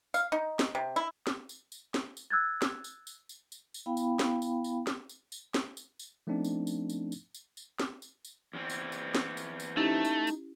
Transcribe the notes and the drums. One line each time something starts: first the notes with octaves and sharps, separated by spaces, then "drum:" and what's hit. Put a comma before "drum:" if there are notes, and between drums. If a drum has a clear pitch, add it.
F5, drum: tambourine
D#4
drum: snare
C3
E4
drum: snare
drum: tambourine
drum: tambourine
drum: snare
drum: tambourine
E6 F#6 G#6 A6
drum: snare
drum: tambourine
drum: tambourine
drum: tambourine
drum: tambourine
drum: tambourine
B3 E4 F5 G5 B5
drum: tambourine
drum: snare
drum: tambourine
drum: tambourine
drum: snare
drum: tambourine
drum: tambourine
drum: snare
drum: tambourine
drum: tambourine
F3 A3 B3 C4 D4 D#4
drum: tambourine
drum: tambourine
drum: tambourine
drum: tambourine
drum: tambourine
drum: tambourine
drum: snare
drum: tambourine
drum: tambourine
E2 E3 C4
drum: tambourine
drum: tambourine
drum: snare
drum: tambourine
drum: tambourine
A3 C#4 D#4 E4 G4
drum: tambourine
drum: tambourine